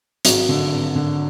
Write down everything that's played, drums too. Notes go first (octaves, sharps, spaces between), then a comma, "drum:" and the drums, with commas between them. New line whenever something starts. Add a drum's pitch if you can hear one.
G#1 F#3, drum: hi-hat
D3
G#1
D3